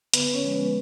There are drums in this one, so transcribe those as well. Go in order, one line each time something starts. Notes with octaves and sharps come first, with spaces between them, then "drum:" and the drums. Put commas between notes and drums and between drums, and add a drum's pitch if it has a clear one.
D3 B3 B4, drum: hi-hat
C#4 C#5
F3 G#3 B3
B3 B4